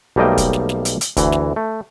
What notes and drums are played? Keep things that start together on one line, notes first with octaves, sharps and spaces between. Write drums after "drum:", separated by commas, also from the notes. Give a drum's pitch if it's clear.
B1 G3 A3 A#3 D#5 G5
drum: kick, hi-hat
drum: snare
drum: snare
drum: hi-hat
drum: hi-hat
D2 E3, drum: kick, hi-hat
drum: snare
A3